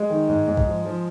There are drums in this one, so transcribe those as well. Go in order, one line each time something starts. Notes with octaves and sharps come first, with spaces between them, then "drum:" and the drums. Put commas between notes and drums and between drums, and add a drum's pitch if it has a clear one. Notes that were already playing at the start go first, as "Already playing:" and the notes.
Already playing: G#3
D#3
G#2
G#2
drum: kick
F3
F3